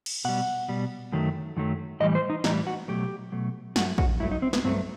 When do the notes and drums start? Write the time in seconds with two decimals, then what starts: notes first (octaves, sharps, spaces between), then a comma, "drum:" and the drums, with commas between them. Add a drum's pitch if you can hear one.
0.06 drum: cymbal
0.25 B2 G3 F#5
0.69 B2 G3
1.12 F#2 D#3 F#3 A3
1.57 F#2 D#3 F#3 A3
2.00 A2 E3 G3 D#5
2.15 C5
2.30 D#4
2.44 A2 E3 G3 D#4, drum: snare
2.67 F#4
2.88 B2 F#3 A3 G4
3.32 B2 F#3 A3
3.76 G2 F#3 A3 F#4, drum: snare
3.98 F#4, drum: kick
4.20 G2 F#3 A3 E4
4.31 D#4
4.42 C4
4.53 B3, drum: snare
4.64 G2 F#3 A3 C4